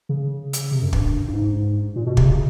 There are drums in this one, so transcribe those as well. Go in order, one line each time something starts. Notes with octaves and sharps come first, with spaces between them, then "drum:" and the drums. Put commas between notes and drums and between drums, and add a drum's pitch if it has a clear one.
C#3
drum: hi-hat
C3
F#2
G2, drum: kick
G2
G#2
A#2
B2
C3, drum: kick
C#3